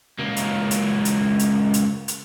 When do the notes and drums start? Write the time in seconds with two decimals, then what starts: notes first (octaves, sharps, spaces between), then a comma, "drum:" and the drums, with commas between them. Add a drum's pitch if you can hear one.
0.19 C#2 A#3
0.36 drum: hi-hat
0.71 drum: hi-hat
1.05 drum: hi-hat
1.39 drum: hi-hat
1.74 drum: hi-hat
2.08 drum: hi-hat